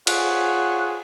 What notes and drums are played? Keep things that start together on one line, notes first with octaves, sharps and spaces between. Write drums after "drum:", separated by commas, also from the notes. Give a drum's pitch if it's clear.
F4 G#4 C#5 F#5, drum: cymbal